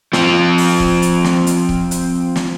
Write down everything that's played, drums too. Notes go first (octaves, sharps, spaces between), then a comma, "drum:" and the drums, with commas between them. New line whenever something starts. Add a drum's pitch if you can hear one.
F3 C4, drum: snare
drum: open hi-hat
drum: kick
drum: hi-hat
drum: snare
drum: hi-hat
drum: kick
drum: hi-hat
drum: snare